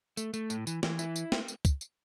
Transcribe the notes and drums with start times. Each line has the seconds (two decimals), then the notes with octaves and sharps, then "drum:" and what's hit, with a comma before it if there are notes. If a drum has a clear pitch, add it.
0.17 A3, drum: tambourine
0.34 A3, drum: tambourine
0.50 A2, drum: tambourine
0.67 E3, drum: tambourine
0.83 E3, drum: snare
0.99 E4, drum: tambourine
1.16 drum: tambourine
1.32 drum: snare
1.48 drum: tambourine
1.65 drum: kick, tambourine
1.81 drum: tambourine